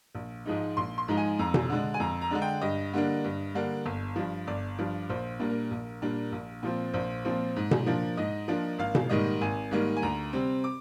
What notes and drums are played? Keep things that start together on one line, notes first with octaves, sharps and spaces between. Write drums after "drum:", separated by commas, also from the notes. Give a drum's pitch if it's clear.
A#1
G#2 F3 G#3 D#4
A#1 C6
C6
G#2 F3 G#3 D#4 A#5
G#5
F2 A#5
drum: tom B2
D3 G#3 D4
G#5
F2 A#5
A#5
D3 G#3 D4
G5
G2 D#5
D3 G3 A#3 D4
G2
D3 G3 A#3 D4
G1
G2 F3
G1 D5
G2 F3
A#1 C5
A#2 G3 A#3 D4
A#4
A#1
A#2 G3 A#3 D4
A#1
A#2 F3 C4
A#1 C5
A#2 F3 C4
G#2
drum: tom B2
F3 A#3 D4
G#2 D#5
F3 A#3 D4
G#1 F5
drum: tom B2
G#2 D#3 G3 A#3 D#5
G#1 G#5
G#2 D#3 G3 A#3
G#5
D2 A#5
C3 G3 C4
D6